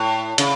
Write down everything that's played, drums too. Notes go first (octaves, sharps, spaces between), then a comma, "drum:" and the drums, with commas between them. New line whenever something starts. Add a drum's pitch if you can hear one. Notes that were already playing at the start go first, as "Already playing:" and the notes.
Already playing: A2
C#3, drum: hi-hat